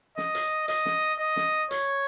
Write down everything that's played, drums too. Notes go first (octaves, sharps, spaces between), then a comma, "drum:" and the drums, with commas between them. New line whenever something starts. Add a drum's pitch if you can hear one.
D#5, drum: snare
drum: hi-hat
D#5, drum: hi-hat
drum: snare
D#5
drum: snare
C#5, drum: hi-hat